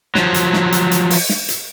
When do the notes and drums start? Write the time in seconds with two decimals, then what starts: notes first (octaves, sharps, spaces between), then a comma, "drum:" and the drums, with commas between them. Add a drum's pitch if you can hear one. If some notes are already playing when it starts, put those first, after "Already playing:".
0.15 F3 F#3, drum: snare
0.34 drum: hi-hat
0.53 drum: snare
0.72 drum: hi-hat
0.91 drum: hi-hat
1.10 drum: open hi-hat
1.29 drum: snare
1.48 drum: hi-hat